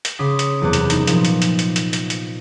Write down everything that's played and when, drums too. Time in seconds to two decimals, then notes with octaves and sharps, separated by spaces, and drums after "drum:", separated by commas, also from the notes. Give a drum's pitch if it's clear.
0.05 drum: hi-hat
0.19 C#3 C6 D6 D#6 B6
0.39 drum: hi-hat
0.61 F#1 E2 C3 B3 D6 F#6
0.73 drum: hi-hat
0.90 D#4, drum: hi-hat
1.07 A#2 F3, drum: hi-hat
1.25 drum: hi-hat
1.42 drum: hi-hat
1.59 drum: hi-hat
1.76 drum: hi-hat
1.93 drum: hi-hat
2.10 drum: hi-hat